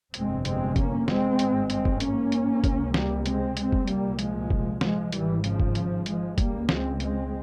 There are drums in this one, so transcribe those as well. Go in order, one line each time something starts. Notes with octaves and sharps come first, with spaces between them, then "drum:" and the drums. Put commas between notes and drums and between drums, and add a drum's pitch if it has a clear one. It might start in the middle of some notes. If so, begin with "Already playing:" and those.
G1 F2 C3 G#3 C4, drum: hi-hat
G#3 C4, drum: hi-hat
A#3 C#4, drum: kick F#1, hi-hat
G#3 C4, drum: snare
G#1 G2, drum: hi-hat
G#3 C4, drum: hi-hat
drum: kick F#1
A#3 C#4, drum: hi-hat
drum: hi-hat
C#2 C3, drum: kick F#1, hi-hat
G3 A#3, drum: snare
G#3 C4, drum: hi-hat
G#3 C4, drum: hi-hat
drum: kick F#1
C2 A#2 G3 A#3, drum: hi-hat
F3 G#3, drum: hi-hat
drum: kick F#1
F3 G#3, drum: snare
G#1 G#2 E3 G3, drum: hi-hat
C#3 F3, drum: hi-hat
drum: kick F#1
drum: hi-hat
F3 G#3, drum: hi-hat
C#2 C#3 G3 A#3, drum: kick F#1, hi-hat
G#3 C4, drum: snare
G#3 C4, drum: hi-hat